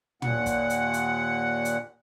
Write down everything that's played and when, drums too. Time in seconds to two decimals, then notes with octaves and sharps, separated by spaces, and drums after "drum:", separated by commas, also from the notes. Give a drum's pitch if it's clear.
0.22 D#2 A#2 F#5, drum: tom
0.46 drum: kick, hi-hat
0.70 drum: hi-hat
0.94 drum: hi-hat
1.65 drum: hi-hat